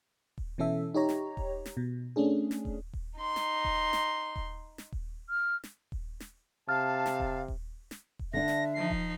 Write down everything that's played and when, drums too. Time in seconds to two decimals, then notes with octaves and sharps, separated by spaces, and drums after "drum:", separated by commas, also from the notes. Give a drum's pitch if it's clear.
0.38 drum: kick D#1
0.58 B2 E3 C#4 A4 E5
0.94 D#4 G4 C#5 A#5
1.09 drum: snare
1.37 drum: kick D#1
1.66 drum: snare
1.77 B2
2.16 A3 C#4 D4 G#4
2.51 drum: snare
2.65 drum: kick D#1
2.93 drum: kick D#1
3.19 D#4 C6
3.36 drum: snare
3.65 drum: kick D#1
3.93 drum: snare
4.36 drum: kick D#1
4.78 drum: snare
4.92 drum: kick D#1
5.29 F6
5.64 drum: snare
5.92 drum: kick D#1
6.20 drum: snare
6.69 C3 F5 A5 F6
7.06 drum: snare
7.20 drum: kick D#1
7.48 drum: kick D#1
7.91 drum: snare
8.19 drum: kick D#1
8.33 D3 D4 E5 A#6
8.48 drum: snare
8.74 F3 D#4 C7
8.90 drum: kick D#1